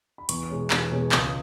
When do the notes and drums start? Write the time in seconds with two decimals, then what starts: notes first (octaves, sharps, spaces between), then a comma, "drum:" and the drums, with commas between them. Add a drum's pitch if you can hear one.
0.18 B5
0.29 E2 C#6, drum: hi-hat
0.49 B2 G#3 C#4
0.70 E2, drum: clap
0.91 B2 G#3 C#4
1.12 C#2 D#6, drum: clap